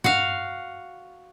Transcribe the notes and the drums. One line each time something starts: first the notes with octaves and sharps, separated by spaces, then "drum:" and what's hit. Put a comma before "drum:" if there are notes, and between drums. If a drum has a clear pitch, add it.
F#4 F5, drum: tom G2